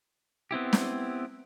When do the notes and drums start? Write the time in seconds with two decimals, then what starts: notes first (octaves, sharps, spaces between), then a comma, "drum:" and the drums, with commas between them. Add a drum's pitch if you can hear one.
0.51 B3 C4 E4 G4
0.73 drum: snare